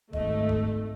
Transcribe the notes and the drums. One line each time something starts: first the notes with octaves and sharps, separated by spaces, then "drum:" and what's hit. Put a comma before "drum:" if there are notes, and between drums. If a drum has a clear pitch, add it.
G#1 A3 D#5, drum: kick
drum: kick